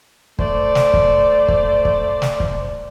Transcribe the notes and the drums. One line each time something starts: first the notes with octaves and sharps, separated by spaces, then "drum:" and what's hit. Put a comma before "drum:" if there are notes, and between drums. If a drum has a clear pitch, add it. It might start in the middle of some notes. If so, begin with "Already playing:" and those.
A3 C5 D5, drum: kick
drum: snare
drum: kick
drum: kick
drum: kick
drum: snare
drum: kick